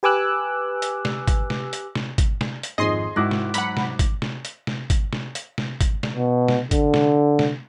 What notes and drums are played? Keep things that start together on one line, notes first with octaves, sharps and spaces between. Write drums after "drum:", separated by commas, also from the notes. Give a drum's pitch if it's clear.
G4 B4 G#5 D6 E6 F#6
drum: hi-hat
drum: snare
drum: kick, hi-hat
drum: snare
drum: hi-hat
drum: snare
drum: kick, hi-hat
drum: snare
drum: hi-hat
G#1 F2 G#4 D#5 C6
G#2 D#3 E4 F#4 D6 F#6 A#6
drum: snare
F#3 F#5 B5, drum: hi-hat
drum: snare
drum: kick, hi-hat
drum: snare
drum: hi-hat
drum: snare
drum: kick, hi-hat
drum: snare
drum: hi-hat
drum: snare
drum: kick, hi-hat
drum: snare
B2
drum: snare
D3, drum: kick, hi-hat
drum: snare
drum: snare